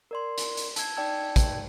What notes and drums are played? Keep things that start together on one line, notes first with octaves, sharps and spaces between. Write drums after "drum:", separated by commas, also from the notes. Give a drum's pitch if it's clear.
A#4 D5 C6
drum: hi-hat
drum: hi-hat
A5 E6 G#6, drum: hi-hat
D#4 D5 G5 A5 E6 G#6
drum: kick, hi-hat